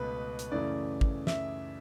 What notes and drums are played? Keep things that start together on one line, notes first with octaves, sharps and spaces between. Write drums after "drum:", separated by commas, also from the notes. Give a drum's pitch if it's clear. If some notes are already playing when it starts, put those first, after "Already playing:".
Already playing: C#2 B2 A3 B4
drum: hi-hat
F#2 C#3 E3 A3 D5
drum: kick
E5, drum: snare